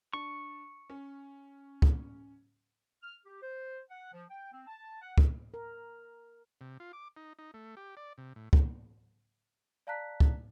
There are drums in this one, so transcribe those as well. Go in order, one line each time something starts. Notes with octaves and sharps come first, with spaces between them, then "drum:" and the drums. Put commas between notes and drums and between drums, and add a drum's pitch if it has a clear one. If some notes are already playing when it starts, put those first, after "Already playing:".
D4 C#6
C#4
drum: kick
F6
G4
C5
F#5
F3
G5
C4
A5
F#5
drum: kick
A#4
C3
F4
D6
D#4
D#4
A3
G4
D5
C3
A2
drum: kick
D5 F5 A5 A#5 F#6 B6
drum: kick